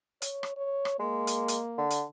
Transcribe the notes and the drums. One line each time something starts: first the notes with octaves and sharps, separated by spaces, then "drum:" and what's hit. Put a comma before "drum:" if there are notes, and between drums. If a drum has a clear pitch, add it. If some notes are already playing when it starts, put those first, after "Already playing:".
C#5, drum: hi-hat
drum: rim click
C#5
drum: rim click
G#3 A#3
drum: hi-hat
drum: hi-hat
D3
drum: hi-hat